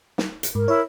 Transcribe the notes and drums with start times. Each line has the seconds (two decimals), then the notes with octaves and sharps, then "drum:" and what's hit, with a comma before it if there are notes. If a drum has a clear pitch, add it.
0.18 drum: snare
0.43 drum: hi-hat
0.55 G#2 A#4
0.68 E4 C#5